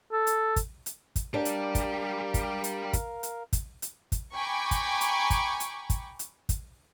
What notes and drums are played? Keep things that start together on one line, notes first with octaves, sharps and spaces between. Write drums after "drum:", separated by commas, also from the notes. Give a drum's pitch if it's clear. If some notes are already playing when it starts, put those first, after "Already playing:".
A4
drum: hi-hat
drum: kick, hi-hat
drum: hi-hat
drum: kick, hi-hat
G3 D4 G4 A#4 D5 F5
drum: hi-hat
drum: kick, hi-hat
drum: kick, hi-hat
drum: hi-hat
drum: kick, hi-hat
drum: hi-hat
drum: kick, hi-hat
drum: hi-hat
drum: kick, hi-hat
G5 G#5 A#5 B5 C#6 D6
drum: kick, hi-hat
drum: hi-hat
drum: kick, hi-hat
drum: hi-hat
drum: kick, hi-hat
drum: hi-hat
drum: kick, hi-hat